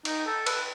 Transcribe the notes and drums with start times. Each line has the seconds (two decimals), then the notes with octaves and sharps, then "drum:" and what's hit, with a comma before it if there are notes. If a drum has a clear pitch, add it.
0.05 D#4, drum: cymbal
0.26 A4
0.46 B4, drum: cymbal